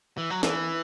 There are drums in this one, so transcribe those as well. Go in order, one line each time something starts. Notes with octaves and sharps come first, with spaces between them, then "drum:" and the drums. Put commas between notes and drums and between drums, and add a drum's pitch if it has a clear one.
E3
F#3
E3, drum: snare